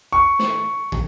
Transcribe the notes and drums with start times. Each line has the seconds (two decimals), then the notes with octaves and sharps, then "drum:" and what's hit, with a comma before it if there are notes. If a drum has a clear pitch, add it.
0.12 C#6
0.39 drum: snare
0.92 drum: kick